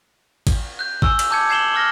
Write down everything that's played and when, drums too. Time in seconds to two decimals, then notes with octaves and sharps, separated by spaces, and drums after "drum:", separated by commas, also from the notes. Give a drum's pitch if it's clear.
0.47 drum: kick G#1, cymbal
0.79 F#6 G6
1.02 G#5 C#6 E6, drum: kick G#1
1.19 drum: cymbal
1.31 A5 D6 G6 G#6 C#7
1.50 G#6 C7 E7 F#7 G7
1.73 C#6 D6 F6 A#6